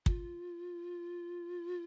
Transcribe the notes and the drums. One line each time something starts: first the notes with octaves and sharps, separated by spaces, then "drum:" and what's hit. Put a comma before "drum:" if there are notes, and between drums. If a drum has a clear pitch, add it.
F4, drum: kick